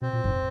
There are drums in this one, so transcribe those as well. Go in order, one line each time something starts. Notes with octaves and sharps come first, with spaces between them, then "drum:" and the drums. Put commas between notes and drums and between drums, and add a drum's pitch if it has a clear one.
B2 C4
A#2
G#2, drum: kick F2